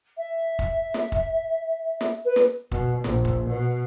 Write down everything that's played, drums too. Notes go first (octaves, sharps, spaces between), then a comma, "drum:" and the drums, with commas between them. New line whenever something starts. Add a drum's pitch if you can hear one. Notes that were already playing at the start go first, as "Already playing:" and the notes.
E5
drum: kick
drum: snare
drum: kick
drum: snare
B4
drum: snare
B2, drum: kick
A#1, drum: snare
drum: kick
B2